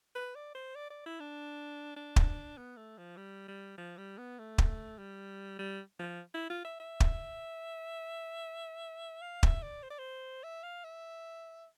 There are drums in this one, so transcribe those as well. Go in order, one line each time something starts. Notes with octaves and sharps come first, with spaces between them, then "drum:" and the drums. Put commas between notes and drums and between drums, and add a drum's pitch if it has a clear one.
B4
D5
C5
D5
D5
E4
D4
D4
drum: kick
B3
A3
F3
G3
G3
F3
G3
B3
A3
drum: kick
G3
G3
F3
E4
F4
E5
E5
drum: kick
F5
E5, drum: kick
D5
C5
D5
C5
E5
F5
E5